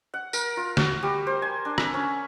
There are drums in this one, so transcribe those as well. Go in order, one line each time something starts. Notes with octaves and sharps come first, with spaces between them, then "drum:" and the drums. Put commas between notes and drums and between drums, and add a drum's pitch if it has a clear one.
F#5
A#4, drum: tambourine
F4
F#4, drum: snare
G3
C5
G#5
D4
E5, drum: rim click
C#4